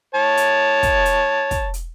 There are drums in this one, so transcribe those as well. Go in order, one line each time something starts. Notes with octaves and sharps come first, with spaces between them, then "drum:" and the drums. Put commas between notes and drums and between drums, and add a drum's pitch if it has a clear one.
C#5 A5
drum: hi-hat
drum: kick, hi-hat
drum: hi-hat
drum: kick, hi-hat
drum: hi-hat